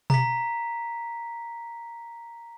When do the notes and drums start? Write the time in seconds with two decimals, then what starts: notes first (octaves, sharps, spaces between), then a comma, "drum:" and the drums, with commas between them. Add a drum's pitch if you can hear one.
0.10 A#5 B6, drum: tom B2